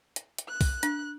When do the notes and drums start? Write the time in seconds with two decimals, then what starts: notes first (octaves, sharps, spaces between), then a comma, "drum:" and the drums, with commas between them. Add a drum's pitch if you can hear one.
0.16 drum: hi-hat
0.38 drum: hi-hat
0.48 F#6
0.61 drum: kick, open hi-hat
0.83 D4, drum: hi-hat